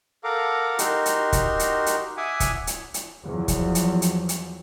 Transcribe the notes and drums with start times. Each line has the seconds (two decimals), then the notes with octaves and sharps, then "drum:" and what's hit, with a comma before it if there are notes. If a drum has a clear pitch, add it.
0.24 A4 A#4 F5 F#5 A#5 D6
0.79 D#4 F#4 G4 A#4 C6, drum: hi-hat
1.06 drum: hi-hat
1.33 drum: kick, hi-hat
1.59 drum: hi-hat
1.86 drum: hi-hat
2.17 E5 F#5 G#5 D6 D#6
2.40 drum: kick, hi-hat
2.67 drum: hi-hat
2.94 drum: hi-hat
3.25 E2 F3 F#3
3.48 drum: kick, hi-hat
3.75 drum: hi-hat
4.02 drum: hi-hat
4.29 drum: hi-hat